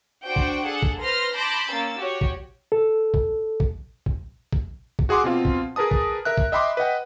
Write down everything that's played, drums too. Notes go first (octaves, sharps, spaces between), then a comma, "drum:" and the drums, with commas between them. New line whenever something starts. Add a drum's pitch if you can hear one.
D4 F#4 C5 G5
drum: kick
G#4 A4 F#5
drum: kick
B4 C5 C6 F6 A#6
A5 B5 C6 D6 G6 A#6
A#3 C#4 E6 A6
F#4 G4 C#5
drum: kick
A4
drum: kick
drum: kick
drum: kick
drum: kick
drum: kick
F#4 G#4 F#5 C6 D6
B2 C4 F4 F5
drum: kick
G#4 A#4 B4 A5 D#6
drum: kick
A#4 E5 F#6
drum: kick
D#5 E5 G5 B5 C6 D6
B4 D#5 F#5 G5